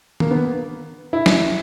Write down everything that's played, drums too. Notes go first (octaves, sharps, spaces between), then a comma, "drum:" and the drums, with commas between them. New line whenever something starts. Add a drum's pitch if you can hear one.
A#3, drum: tom D#3
B3
E4
drum: snare